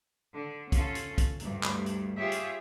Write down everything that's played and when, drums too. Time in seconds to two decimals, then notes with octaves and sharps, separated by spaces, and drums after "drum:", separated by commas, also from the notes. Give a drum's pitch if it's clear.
0.33 D3
0.72 C#4 F4 A4, drum: kick, hi-hat
0.95 drum: hi-hat
1.18 drum: kick, hi-hat
1.40 D2 G2, drum: hi-hat
1.63 drum: clap
1.86 drum: hi-hat
2.18 F4 G4 G#4 C#5 E5
2.32 drum: hi-hat